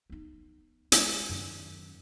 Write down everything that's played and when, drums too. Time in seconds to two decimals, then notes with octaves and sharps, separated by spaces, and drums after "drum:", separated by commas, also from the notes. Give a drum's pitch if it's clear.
0.10 B3 D#4
0.92 G#3, drum: hi-hat
1.29 F#2 D#3